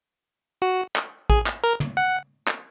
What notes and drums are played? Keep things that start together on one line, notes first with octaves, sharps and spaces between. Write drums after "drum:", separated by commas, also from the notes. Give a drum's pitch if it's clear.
F#4
drum: clap
G#4, drum: kick A1
drum: clap
A#4
drum: tom
F#5
drum: clap